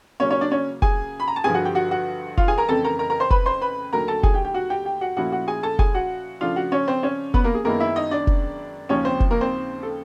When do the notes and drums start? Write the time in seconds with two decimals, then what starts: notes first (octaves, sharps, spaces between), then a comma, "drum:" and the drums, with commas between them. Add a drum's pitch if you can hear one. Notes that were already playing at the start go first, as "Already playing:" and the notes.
0.20 C#3 F#3 A#3 C#4 C#5
0.30 C#4 C#5
0.41 D4 D5
0.51 C#4 C#5
0.82 G#4 G#5, drum: kick F1
1.20 B5
1.28 A#5
1.36 A5
1.44 G2 D3 F3 G#4 G#5
1.54 F#4 F#5
1.65 G4 G5
1.75 F#4 F#5
1.91 F#4 F#5
2.37 F4 F5, drum: kick F1
2.48 G#4 G#5
2.58 A#4 A#5
2.68 F2 C#3 E3 A3 C4 A4 A5
2.84 A#4 A#5
2.99 A#4 A#5
3.10 A#4 A#5
3.20 C5 C6
3.30 B4 B5, drum: kick F1
3.46 C5 C6
3.61 B4 B5
3.93 D#2 D3 F#3 A3 A#4 A#5
4.08 A4 A5
4.23 G#4 G#5, drum: kick F1
4.34 G4 G5
4.45 G4 G5
4.54 F#4 F#5
4.70 G4 G5
4.85 G4 G5
5.01 F#4 F#5
5.17 A#2 F3 A3 C#4 E4 F#4 F#5
5.32 F#4 F#5
5.47 G#4 G#5
5.63 A4 A5
5.79 G#4 G#5, drum: kick F1
5.94 F#4 F#5
6.41 C#3 F3 A3 D4 F4 F5
6.56 F#4 F#5
6.72 C#4 C#5
6.87 C4 C5
7.03 C#4 C#5
7.34 B3 B4, drum: kick F1
7.44 A#3 A#4
7.55 G#4
7.65 F#2 D#3 G#3 A#3 B3 E4 A#4
7.80 E4 E5
7.96 D#4 D#5
8.11 D4 D5
8.27 drum: kick F1
8.89 D#2 C#3 F3 C#4 C#5
9.05 C4 C5
9.20 drum: kick F1
9.31 A#3 A#4
9.41 C4 C5
9.83 A4